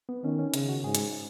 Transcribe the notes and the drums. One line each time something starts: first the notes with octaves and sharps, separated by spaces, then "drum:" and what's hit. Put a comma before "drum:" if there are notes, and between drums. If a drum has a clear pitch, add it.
B3
D#3 C#4
C#4
C#3, drum: hi-hat
F#4
G#2 G#4
drum: hi-hat